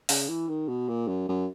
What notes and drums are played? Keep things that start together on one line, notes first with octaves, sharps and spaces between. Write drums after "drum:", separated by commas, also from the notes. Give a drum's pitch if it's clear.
C#3, drum: open hi-hat
E3
D#3
B2
A#2
F#2
F#2